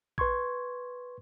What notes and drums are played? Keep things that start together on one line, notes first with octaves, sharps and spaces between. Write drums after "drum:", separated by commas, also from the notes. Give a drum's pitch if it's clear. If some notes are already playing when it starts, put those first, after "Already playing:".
B4 C6 C#6 G#6, drum: kick A1